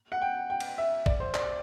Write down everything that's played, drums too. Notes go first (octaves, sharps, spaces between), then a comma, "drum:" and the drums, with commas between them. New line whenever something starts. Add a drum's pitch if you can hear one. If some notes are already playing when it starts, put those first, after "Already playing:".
F#5
G5
G5
drum: cymbal
E5
D5, drum: kick A1
C5
D5, drum: clap